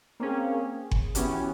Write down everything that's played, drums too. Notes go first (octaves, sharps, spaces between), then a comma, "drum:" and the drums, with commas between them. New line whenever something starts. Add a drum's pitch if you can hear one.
A#3 C4 C#4 G#4
G#4
drum: kick F#1
E3 B3 C#4 F#4 G4, drum: hi-hat